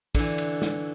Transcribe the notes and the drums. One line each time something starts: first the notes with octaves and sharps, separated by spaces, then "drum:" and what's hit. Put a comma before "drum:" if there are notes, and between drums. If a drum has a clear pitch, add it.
D3 E3, drum: kick, cymbal
drum: cymbal
drum: snare